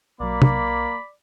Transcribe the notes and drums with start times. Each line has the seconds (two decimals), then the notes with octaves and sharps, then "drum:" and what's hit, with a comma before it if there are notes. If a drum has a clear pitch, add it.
0.20 B1 F#3 A#3 D5 B5
0.42 drum: tom